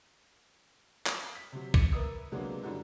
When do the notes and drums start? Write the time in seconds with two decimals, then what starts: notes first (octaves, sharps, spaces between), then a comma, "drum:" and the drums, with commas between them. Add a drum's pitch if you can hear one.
1.06 drum: clap
1.35 B6
1.52 C3 F#3
1.74 D6 G#6 A6 C#7 D#7, drum: kick
1.92 A#4 B4 E5 D#6 E6
2.32 C3 F#3 G#3 A#3 B3 D4
2.63 F#2 A2 D3 F#3 G3